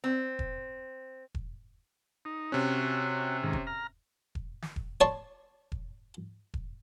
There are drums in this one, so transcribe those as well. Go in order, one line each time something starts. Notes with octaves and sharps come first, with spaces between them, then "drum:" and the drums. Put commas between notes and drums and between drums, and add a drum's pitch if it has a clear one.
C4
drum: kick E1
drum: kick E1
D#4
C3 C#4 F#4
G#2 D#3
drum: kick E1
A#5 F6
drum: kick E1
drum: snare
drum: kick E1
C#5 D5 A5 C6
drum: kick E1
drum: kick E1